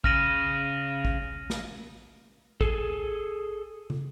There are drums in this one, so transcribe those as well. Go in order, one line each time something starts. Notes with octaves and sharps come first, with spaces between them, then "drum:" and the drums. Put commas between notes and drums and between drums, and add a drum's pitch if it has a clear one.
C#3 F6 A#6 D#7, drum: kick
drum: kick
drum: snare
G#4 A4, drum: kick
drum: tom